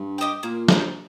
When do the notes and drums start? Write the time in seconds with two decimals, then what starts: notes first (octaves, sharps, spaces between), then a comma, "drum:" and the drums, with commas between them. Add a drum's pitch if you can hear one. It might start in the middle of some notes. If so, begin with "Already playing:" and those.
Already playing: G2
0.18 G4 D#5 G5
0.43 A#2 A#3
0.68 D#4 C5, drum: snare